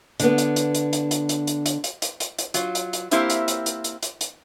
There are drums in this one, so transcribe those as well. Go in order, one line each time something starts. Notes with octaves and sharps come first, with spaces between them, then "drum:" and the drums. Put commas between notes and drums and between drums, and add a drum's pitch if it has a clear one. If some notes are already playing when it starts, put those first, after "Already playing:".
D3 B3, drum: hi-hat
drum: hi-hat
drum: hi-hat
drum: hi-hat
drum: hi-hat
drum: hi-hat
drum: hi-hat
drum: hi-hat
drum: hi-hat
drum: hi-hat
drum: hi-hat
drum: hi-hat
drum: hi-hat
F#3 F4, drum: hi-hat
drum: hi-hat
drum: hi-hat
A#3 C4 E4 G4 C5 E5, drum: hi-hat
drum: hi-hat
drum: hi-hat
drum: hi-hat
drum: hi-hat
drum: hi-hat
drum: hi-hat